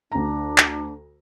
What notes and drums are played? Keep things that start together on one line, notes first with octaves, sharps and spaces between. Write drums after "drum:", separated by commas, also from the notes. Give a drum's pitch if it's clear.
D2 D4 A#5
drum: clap